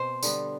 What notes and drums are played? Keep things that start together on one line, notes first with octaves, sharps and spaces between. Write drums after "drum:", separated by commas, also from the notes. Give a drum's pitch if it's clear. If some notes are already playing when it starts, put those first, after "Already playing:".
Already playing: B2 C4 C5
D3 G3 B3, drum: tambourine